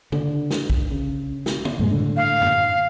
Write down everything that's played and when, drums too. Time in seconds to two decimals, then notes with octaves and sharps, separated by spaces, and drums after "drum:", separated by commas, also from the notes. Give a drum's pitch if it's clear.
0.12 D3, drum: tom
0.51 drum: snare
0.70 drum: kick
0.91 C#3
1.46 drum: snare
1.65 drum: tom
1.79 G2 A#2 G#3
1.91 A2 D3
2.16 F5
2.42 drum: tom F#2